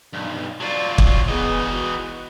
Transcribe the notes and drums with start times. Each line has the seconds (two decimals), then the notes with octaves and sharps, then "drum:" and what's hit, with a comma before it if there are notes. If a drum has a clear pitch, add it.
0.13 B1 G2
0.60 F#3 F4 D5
0.98 drum: kick
1.28 E3 B3 G#4 D#5
1.70 F#4